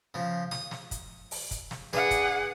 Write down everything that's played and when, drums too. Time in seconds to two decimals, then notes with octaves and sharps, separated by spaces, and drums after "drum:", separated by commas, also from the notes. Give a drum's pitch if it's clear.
0.14 C#3 F3
0.51 D#6, drum: snare
0.71 drum: snare
0.91 drum: kick, hi-hat
1.31 drum: open hi-hat
1.51 drum: kick, hi-hat
1.71 drum: snare
1.93 D4 G#4 B4 F#5, drum: snare
2.11 drum: kick, hi-hat